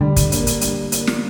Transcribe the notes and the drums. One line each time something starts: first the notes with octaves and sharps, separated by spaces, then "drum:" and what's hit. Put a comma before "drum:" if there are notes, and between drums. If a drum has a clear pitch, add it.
D3 G3
drum: kick, hi-hat
A#3 D4, drum: hi-hat
drum: hi-hat
G3, drum: hi-hat
A#3 D4, drum: hi-hat
drum: snare